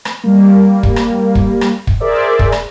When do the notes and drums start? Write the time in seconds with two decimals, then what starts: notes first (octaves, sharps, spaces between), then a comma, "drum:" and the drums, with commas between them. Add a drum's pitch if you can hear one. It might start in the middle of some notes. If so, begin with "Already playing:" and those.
0.05 drum: rim click
0.24 G3 A#3
0.83 drum: kick
0.96 drum: rim click
1.35 drum: kick
1.61 drum: rim click
1.87 drum: kick
2.00 G#4 A#4 C5 D5 E5
2.39 drum: kick
2.52 drum: rim click